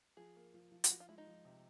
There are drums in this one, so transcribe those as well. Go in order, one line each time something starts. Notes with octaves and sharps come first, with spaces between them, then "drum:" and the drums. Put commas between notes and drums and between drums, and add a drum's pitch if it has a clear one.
F3 G#4
A#3
F3
F3
F4, drum: hi-hat
F3 F#4
F4
G#3 E4
D#4
F3
C3